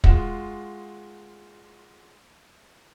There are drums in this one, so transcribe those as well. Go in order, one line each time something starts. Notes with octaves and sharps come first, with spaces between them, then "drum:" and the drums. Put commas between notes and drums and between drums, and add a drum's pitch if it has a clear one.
G#3 F4 F#4 E7, drum: kick